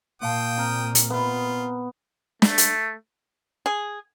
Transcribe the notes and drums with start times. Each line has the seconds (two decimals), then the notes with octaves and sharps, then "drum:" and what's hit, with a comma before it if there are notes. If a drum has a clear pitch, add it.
0.22 A#2 A#3 F5 G5 A5 D#6
0.58 C4 A#5 F6
0.95 drum: hi-hat
1.10 B3 F4
2.42 A3, drum: snare
2.58 drum: hi-hat
3.66 G#4